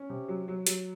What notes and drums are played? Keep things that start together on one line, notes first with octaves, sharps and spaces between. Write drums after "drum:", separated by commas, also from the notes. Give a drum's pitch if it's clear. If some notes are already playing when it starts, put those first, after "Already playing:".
Already playing: C#4
C3
F#3
F#3
F#3, drum: hi-hat